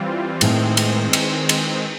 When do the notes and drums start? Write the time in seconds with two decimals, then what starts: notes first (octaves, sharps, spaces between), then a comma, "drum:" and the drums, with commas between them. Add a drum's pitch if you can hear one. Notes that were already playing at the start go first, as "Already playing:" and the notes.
Already playing: E3 G3 C4 F4
0.41 A2 D#3 G#3 C4, drum: cymbal
0.77 drum: cymbal
1.13 drum: cymbal
1.49 drum: cymbal